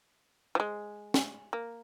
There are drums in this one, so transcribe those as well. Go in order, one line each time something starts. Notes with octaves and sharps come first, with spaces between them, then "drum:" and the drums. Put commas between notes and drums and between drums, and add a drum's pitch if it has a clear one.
F3
G#3
drum: snare
A#3